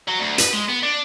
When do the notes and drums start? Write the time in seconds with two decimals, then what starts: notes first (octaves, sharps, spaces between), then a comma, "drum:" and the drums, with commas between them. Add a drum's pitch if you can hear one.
0.08 F#3
0.19 D2
0.38 B4, drum: hi-hat
0.53 G#3
0.69 B3
0.83 D4